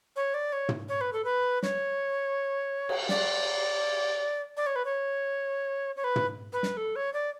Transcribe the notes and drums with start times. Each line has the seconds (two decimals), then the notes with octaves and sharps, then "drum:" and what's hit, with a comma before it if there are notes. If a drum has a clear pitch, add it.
0.16 C#5
0.34 D5
0.52 C#5
0.69 drum: tom
0.89 C#5
1.01 B4
1.13 A4
1.24 B4
1.63 C#5, drum: snare
2.89 drum: cymbal
3.09 D5, drum: snare
4.57 D5
4.66 C#5
4.76 B4
4.85 C#5
5.97 C#5
6.04 B4
6.16 drum: tom
6.53 B4
6.63 drum: snare
6.77 A4
6.96 C#5
7.13 D5